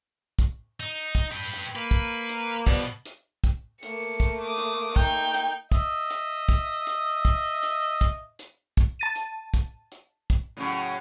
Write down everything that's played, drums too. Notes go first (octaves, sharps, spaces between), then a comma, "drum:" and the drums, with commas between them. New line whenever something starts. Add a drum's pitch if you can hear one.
drum: kick, hi-hat
D#4
drum: kick, hi-hat
G4 B4
drum: hi-hat
A#3 B4
drum: kick, hi-hat
drum: hi-hat
B2 F3 G3 B3, drum: kick
drum: hi-hat
drum: kick, hi-hat
A3 A#3 C#7, drum: hi-hat
drum: kick, hi-hat
D6 D#6
drum: hi-hat
D#4 G5, drum: kick, hi-hat
drum: hi-hat
D#5 E5, drum: kick, hi-hat
drum: hi-hat
drum: kick, hi-hat
drum: hi-hat
drum: kick, hi-hat
drum: hi-hat
drum: kick, hi-hat
drum: hi-hat
drum: kick, hi-hat
A5 A6 D#7
drum: hi-hat
drum: kick, hi-hat
drum: hi-hat
drum: kick, hi-hat
A2 C#3 F#3
drum: hi-hat